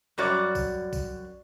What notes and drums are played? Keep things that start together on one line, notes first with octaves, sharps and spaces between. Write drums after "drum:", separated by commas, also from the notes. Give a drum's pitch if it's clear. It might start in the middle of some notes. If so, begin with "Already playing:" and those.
F#2 G3 F#4 C#5 D5
drum: kick A#1, tambourine
drum: kick A#1, tambourine